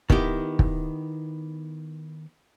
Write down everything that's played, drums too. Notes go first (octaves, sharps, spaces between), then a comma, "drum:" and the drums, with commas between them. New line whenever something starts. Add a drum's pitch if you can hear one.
D#3 B3 E4 G4, drum: kick
drum: kick